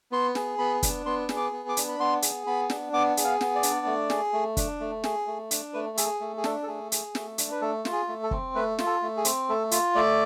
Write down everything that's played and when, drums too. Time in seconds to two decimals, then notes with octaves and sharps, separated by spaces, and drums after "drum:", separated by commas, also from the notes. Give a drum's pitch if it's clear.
0.12 B3 C6
0.35 G#4, drum: snare
0.59 B3 B5
0.83 D4, drum: kick, hi-hat
1.06 B3 C6
1.29 G#4, drum: snare
1.37 D6
1.52 B3
1.69 D6
1.77 D4, drum: hi-hat
1.89 B5
2.00 B3 C6
2.22 G#4, drum: hi-hat
2.47 B3 B5
2.70 D4, drum: snare
2.93 B3 D6
3.17 G#4, drum: hi-hat
3.24 F5
3.41 B3, drum: snare
3.55 D5
3.63 D4, drum: hi-hat
3.86 A3
4.10 G#4, drum: snare
4.33 A3
4.57 D4, drum: kick, hi-hat
4.80 A3
5.04 G#4, drum: snare
5.27 A3
5.51 D4, drum: hi-hat
5.74 A3 B4
5.97 G#4 A4, drum: hi-hat
6.21 A3
6.37 G#4
6.44 D4 A4, drum: snare
6.63 A4
6.67 A3 G#4
6.92 G#4, drum: hi-hat
7.15 A3, drum: snare
7.38 D4, drum: hi-hat
7.51 B4
7.61 A3 A4
7.85 F4, drum: snare
7.92 G#4
8.08 A3
8.23 A4
8.31 C4, drum: kick
8.55 A3 B4
8.79 F4, drum: snare
8.86 A4
9.02 A3
9.17 G#4
9.25 C4, drum: hi-hat
9.49 A3 A4
9.71 F4, drum: hi-hat
9.95 A3 D5